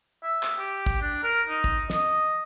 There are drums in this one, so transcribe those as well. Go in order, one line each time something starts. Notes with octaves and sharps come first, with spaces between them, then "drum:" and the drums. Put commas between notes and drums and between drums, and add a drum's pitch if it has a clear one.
E5
drum: clap
G4
drum: kick
D4
A#4
D#4
drum: kick
D#5, drum: snare